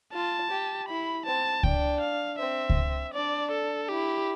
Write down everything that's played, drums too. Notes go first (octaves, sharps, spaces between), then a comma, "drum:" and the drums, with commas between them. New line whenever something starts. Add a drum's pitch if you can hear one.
F4 A5
G4
E4 B5
C4 A5
D4 G5, drum: kick C#2
F5
C4 E5
drum: kick C#2
D4 D5
A4
E4 G4